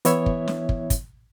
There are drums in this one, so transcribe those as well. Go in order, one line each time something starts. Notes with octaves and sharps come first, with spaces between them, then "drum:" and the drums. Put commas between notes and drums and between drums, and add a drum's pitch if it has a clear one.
E3 B3 E4 C#5 E5, drum: hi-hat
drum: kick
drum: snare
drum: kick
drum: kick, hi-hat